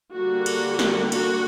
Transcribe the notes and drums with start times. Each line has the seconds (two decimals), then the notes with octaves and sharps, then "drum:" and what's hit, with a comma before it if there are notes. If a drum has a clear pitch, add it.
0.13 D3 G3 A#3 F#4
0.46 drum: cymbal
0.79 drum: snare
1.12 F#4, drum: cymbal